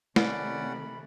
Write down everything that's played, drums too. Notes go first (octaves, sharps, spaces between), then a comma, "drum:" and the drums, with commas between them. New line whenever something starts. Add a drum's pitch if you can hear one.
C3 D#3 A3 C#4 D5 F#5 B5, drum: snare